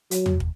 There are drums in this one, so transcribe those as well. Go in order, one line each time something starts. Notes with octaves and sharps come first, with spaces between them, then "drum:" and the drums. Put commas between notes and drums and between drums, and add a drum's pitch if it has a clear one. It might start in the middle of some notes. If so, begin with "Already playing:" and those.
F#3, drum: hi-hat
drum: tom
drum: kick